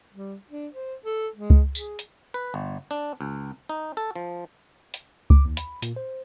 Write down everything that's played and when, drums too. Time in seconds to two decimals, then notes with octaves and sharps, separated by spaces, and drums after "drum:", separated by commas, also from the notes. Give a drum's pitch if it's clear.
0.14 G3
0.50 D4
0.73 C5
1.05 A4
1.35 G#3
1.50 drum: kick C#2
1.75 G#4, drum: tambourine
1.99 drum: hi-hat
2.34 B4
2.54 G1
2.91 D4
3.21 C#2
3.69 D#4
3.97 A4
4.16 F3
4.94 drum: hi-hat
5.30 D6, drum: kick C#2
5.45 D#2
5.57 B5, drum: hi-hat
5.82 A#2, drum: hi-hat
5.96 C5